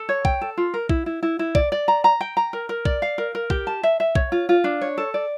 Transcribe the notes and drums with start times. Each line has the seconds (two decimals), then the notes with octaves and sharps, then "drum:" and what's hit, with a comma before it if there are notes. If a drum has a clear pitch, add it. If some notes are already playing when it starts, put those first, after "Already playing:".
Already playing: A4
0.09 C#5
0.25 G5, drum: kick
0.41 A4
0.57 F4
0.74 A#4
0.89 E4, drum: kick
1.06 E4
1.23 E4
1.39 E4
1.55 D5, drum: kick
1.72 D5
1.88 A#5
2.04 A#5
2.21 G5
2.37 A#5
2.53 A#4
2.69 A#4
2.85 D5, drum: kick
3.02 F5
3.18 A#4
3.35 A#4
3.50 G4, drum: kick
3.67 A5
3.83 E5
4.00 E5
4.15 C#5, drum: kick
4.32 F4
4.49 F4
4.64 D4
4.81 C#5
4.98 A4
5.14 D5